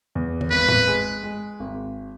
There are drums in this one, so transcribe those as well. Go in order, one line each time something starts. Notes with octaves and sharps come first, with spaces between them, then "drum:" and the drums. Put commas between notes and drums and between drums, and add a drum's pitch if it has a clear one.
E2
drum: tom
G#1 B4
drum: tom A2
G#3
G#3
G#1